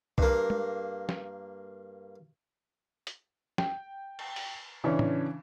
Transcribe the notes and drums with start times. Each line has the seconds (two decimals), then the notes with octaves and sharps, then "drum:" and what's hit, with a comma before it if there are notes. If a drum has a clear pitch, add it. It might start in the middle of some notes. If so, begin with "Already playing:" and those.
0.18 G2 A#3, drum: kick C2
0.50 drum: tom
1.09 drum: snare
3.07 drum: hi-hat
3.58 G5, drum: snare
4.19 drum: cymbal
4.36 drum: open hi-hat
4.84 C#3 E3 C#4 D4
4.99 drum: tom